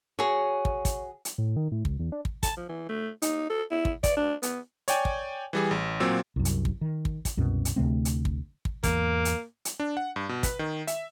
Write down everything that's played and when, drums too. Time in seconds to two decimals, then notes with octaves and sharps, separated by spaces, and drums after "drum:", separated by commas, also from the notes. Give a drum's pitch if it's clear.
0.19 F#4 G#4 C#5
0.65 drum: kick
0.85 drum: kick, hi-hat
1.25 drum: hi-hat
1.38 A2
1.57 D#3
1.72 A2
1.85 C#2, drum: kick
2.00 E2
2.12 D4
2.25 drum: kick
2.43 A5, drum: kick, hi-hat
2.57 F3
2.69 E3
2.89 A3
3.22 D#4, drum: hi-hat
3.50 A4
3.71 E4
3.85 drum: kick
4.04 D5, drum: kick, hi-hat
4.17 D4
4.43 B3, drum: hi-hat
4.88 C#5 D5 G5 G#5, drum: hi-hat
5.05 drum: kick
5.53 E3 G3 G#4
5.71 A1
6.00 A#2 F#3 C4 E6
6.36 C2 F#2
6.45 drum: hi-hat
6.65 drum: kick
6.81 D#3
7.05 drum: kick
7.25 drum: kick, hi-hat
7.37 C2 F#2 B2
7.65 drum: hi-hat
7.76 D2 C3 A3 C4
8.05 drum: hi-hat
8.25 drum: kick
8.65 drum: kick
8.84 E2 G#2 E3 A#3, drum: kick, hi-hat
9.25 drum: hi-hat
9.65 drum: hi-hat
9.80 D4
9.97 F#5
10.16 G2
10.29 B2
10.43 B4, drum: kick, hi-hat
10.59 D#3
10.87 E5, drum: hi-hat